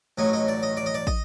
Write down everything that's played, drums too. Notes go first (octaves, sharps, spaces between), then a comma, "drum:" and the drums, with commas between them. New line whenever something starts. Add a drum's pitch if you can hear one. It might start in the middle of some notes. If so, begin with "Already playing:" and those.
A1 A2 F#3 D#5
D#5
D5
D#5
D5
D#5
D5
D#5, drum: kick